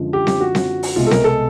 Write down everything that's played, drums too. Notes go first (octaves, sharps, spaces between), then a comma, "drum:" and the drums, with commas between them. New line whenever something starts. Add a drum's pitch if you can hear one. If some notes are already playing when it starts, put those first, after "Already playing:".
Already playing: F#2 D3 F3 G#3
G4
drum: snare C4
F#4
drum: snare C4
drum: open hi-hat
C2 B2 G#3 F4
A4
A#4, drum: snare C4
A4